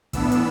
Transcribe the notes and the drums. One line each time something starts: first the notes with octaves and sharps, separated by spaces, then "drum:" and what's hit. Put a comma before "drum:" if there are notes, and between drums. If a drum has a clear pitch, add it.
A2 E3 B3 D4 E6, drum: kick, hi-hat
drum: hi-hat